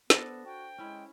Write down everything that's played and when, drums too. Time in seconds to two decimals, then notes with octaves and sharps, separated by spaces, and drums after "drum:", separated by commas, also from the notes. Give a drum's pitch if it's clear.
0.10 B3 D4 A4 C5 A6 A#6, drum: snare
0.45 F#4 G5
0.78 G#3 C#4 E4